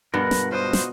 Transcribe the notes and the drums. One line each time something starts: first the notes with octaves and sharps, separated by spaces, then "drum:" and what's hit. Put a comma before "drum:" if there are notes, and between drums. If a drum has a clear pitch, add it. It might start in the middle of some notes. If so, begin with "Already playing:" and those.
G2 B2 D3 G#3 A#4 F#5
drum: snare
F4 F#4 C5 D#5
drum: snare